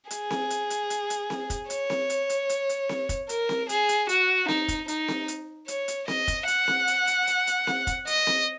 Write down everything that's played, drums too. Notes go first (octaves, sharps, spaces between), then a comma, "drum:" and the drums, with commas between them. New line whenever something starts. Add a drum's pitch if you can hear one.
G#4, drum: hi-hat
drum: snare C4
drum: hi-hat
drum: hi-hat
drum: hi-hat
drum: hi-hat
drum: snare C4
drum: kick, hi-hat
C#5, drum: hi-hat
drum: snare C4
drum: hi-hat
drum: hi-hat
drum: hi-hat
drum: hi-hat
drum: snare C4
drum: kick, hi-hat
A#4, drum: hi-hat
drum: snare C4
G#4, drum: hi-hat
drum: hi-hat
F#4, drum: hi-hat
D#4, drum: snare C4
drum: kick, hi-hat
D#4, drum: hi-hat
drum: snare C4
drum: hi-hat
C#5, drum: hi-hat
drum: hi-hat
D#5, drum: snare C4
drum: kick, hi-hat
F#5, drum: hi-hat
drum: snare C4
drum: hi-hat
drum: hi-hat
drum: hi-hat
drum: hi-hat
drum: snare C4
drum: kick, hi-hat
D#5, drum: hi-hat
drum: snare C4